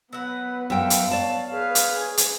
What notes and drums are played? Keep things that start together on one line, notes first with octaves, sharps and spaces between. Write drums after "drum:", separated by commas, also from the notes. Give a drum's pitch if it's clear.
F#3 B3 B4 F#5
F#2 A3 F5 G5
drum: hi-hat
C#5 D5 A5
G#4 B4 F5
drum: hi-hat
G#5
drum: hi-hat